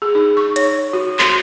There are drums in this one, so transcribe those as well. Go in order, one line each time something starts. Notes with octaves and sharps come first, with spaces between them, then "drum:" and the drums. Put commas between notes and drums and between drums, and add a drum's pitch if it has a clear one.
G#4
D#4
C#6
C#5, drum: hi-hat
F#4
C6, drum: clap